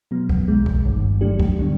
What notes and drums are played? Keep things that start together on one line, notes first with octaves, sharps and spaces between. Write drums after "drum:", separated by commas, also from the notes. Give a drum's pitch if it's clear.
B2 F#3 B3
drum: kick C2
B1 B2 G#3
drum: kick C2
G1 G2 D#3
D#3 F#3 A3 D4 G4
drum: kick C2
D3 G3 B3 D4